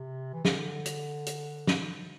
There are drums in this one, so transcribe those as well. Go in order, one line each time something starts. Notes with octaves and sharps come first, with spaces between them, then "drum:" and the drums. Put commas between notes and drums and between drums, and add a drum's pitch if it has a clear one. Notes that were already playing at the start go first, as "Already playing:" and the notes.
Already playing: C3
E3
D3, drum: snare
drum: hi-hat
drum: hi-hat
drum: snare